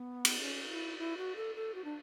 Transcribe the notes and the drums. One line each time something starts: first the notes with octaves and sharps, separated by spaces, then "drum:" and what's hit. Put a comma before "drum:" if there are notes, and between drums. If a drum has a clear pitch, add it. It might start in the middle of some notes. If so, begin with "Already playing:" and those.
Already playing: B3
drum: cymbal
C#4
E4
E4
F#4
A4
A4
F#4
D4